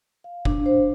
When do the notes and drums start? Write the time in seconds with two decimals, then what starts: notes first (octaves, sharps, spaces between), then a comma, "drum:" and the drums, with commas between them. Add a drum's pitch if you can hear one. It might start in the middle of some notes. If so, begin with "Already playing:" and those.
0.24 F5
0.45 D4, drum: kick F1
0.66 C5